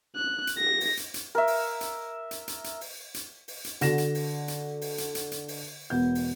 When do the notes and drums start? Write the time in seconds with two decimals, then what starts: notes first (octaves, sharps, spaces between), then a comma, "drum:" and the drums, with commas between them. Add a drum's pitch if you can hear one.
0.16 F#6
0.47 drum: hi-hat
0.58 A#6
0.81 drum: open hi-hat
0.97 drum: hi-hat
1.14 drum: hi-hat
1.35 A#4 E5
1.47 drum: open hi-hat
1.81 drum: hi-hat
2.31 drum: hi-hat
2.48 drum: hi-hat
2.64 drum: hi-hat
2.81 drum: open hi-hat
3.14 drum: hi-hat
3.48 drum: open hi-hat
3.65 drum: hi-hat
3.81 D3 F#4 A#6 E7, drum: hi-hat
3.98 drum: hi-hat
4.15 drum: open hi-hat
4.48 drum: hi-hat
4.81 drum: open hi-hat
4.98 drum: hi-hat
5.15 drum: hi-hat
5.32 drum: hi-hat
5.48 drum: open hi-hat
5.90 E1 B3 G6
6.15 drum: open hi-hat